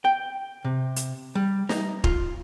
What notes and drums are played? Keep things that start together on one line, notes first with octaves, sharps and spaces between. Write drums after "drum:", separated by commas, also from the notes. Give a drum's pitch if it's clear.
G5
C3
drum: hi-hat
G3
D#4, drum: snare
F4, drum: kick